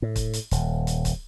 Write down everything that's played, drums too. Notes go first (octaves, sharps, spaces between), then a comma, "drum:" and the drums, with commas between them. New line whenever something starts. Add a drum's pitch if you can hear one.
A2
drum: kick, hi-hat
drum: hi-hat
D#1, drum: hi-hat
drum: hi-hat
drum: kick, hi-hat